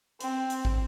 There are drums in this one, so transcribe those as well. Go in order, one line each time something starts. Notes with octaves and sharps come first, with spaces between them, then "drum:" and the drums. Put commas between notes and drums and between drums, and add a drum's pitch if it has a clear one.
C4, drum: hi-hat
drum: hi-hat
drum: kick